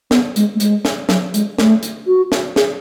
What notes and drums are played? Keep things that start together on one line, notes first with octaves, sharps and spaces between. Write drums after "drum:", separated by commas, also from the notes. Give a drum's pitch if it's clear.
B3, drum: snare
G#3, drum: hi-hat
A3
G#3, drum: hi-hat
drum: snare
F#3, drum: snare
G#3, drum: hi-hat
A3, drum: snare
drum: hi-hat
F#4
drum: snare
G#4, drum: snare